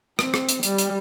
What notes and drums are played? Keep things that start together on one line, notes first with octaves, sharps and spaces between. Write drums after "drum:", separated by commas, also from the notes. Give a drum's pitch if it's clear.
C4, drum: rim click
drum: rim click
drum: hi-hat
G3, drum: hi-hat
drum: hi-hat